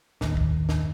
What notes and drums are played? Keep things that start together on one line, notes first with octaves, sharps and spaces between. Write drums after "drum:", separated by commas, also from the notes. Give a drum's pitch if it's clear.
D1 G1 D#2 D#3, drum: snare
drum: kick C2
drum: snare